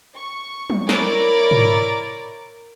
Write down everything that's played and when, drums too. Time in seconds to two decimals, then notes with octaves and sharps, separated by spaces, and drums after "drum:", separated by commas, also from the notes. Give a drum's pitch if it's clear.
0.16 C#6
0.70 drum: tom
0.89 E4 A#4 C#5 D5 A#5 D7, drum: snare
1.51 drum: tom